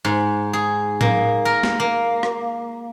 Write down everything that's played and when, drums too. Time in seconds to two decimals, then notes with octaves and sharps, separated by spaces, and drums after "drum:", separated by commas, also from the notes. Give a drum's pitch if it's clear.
0.05 G#2
0.53 G#4
1.01 A#3, drum: tom
1.45 A#4
1.63 drum: snare A#3
1.80 A#3
2.23 drum: rim click